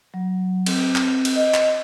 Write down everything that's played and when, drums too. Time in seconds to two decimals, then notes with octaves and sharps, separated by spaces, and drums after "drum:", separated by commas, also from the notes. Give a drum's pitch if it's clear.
0.14 F#3
0.66 C4, drum: cymbal
0.96 drum: clap
1.25 drum: cymbal
1.35 D#5
1.54 drum: clap